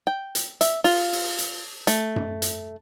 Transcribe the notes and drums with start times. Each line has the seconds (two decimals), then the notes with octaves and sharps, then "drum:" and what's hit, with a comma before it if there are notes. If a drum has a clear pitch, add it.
0.07 G5
0.35 drum: hi-hat
0.61 E5, drum: hi-hat
0.84 F4, drum: open hi-hat
1.13 drum: open hi-hat
1.38 drum: hi-hat
1.87 A3, drum: hi-hat
2.16 drum: tom F#2
2.42 drum: hi-hat